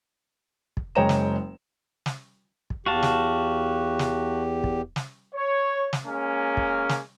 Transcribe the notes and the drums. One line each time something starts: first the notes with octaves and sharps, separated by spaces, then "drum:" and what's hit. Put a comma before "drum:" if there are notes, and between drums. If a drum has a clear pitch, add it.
drum: kick
F#1 G#3 C#5 G5 A#5 E7
drum: snare
drum: snare
drum: kick
E2 F#4 G4 F5 A5
drum: snare
drum: snare
drum: kick
drum: snare
C#5
drum: snare
G#3 A#3 C#4
drum: kick
drum: snare